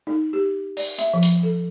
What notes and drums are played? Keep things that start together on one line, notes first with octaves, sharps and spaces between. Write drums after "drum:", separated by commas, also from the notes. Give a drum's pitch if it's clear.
D#4
G4
D5, drum: open hi-hat
E5, drum: hi-hat
F3
drum: hi-hat
A4